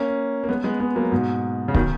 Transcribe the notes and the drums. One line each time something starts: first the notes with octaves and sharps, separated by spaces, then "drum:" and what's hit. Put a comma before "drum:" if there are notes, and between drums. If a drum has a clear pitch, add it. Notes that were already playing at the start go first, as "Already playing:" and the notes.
Already playing: A#3 C#4
A#3
G#3 B3
G#3 B3
G#3 B3
F#3 A#3
G#2 B2
C#3
B2 D#3, drum: kick